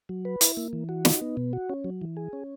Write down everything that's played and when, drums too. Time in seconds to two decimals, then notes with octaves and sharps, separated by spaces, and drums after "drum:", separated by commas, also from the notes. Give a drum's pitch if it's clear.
0.09 F#3
0.25 B4
0.41 E4, drum: hi-hat
0.57 A#3
0.73 E3
0.89 F#4
1.05 D#4, drum: snare
1.21 B3
1.37 B2
1.53 F#4
1.70 C#4
1.84 F#3
2.02 E3
2.17 G#4
2.33 C#4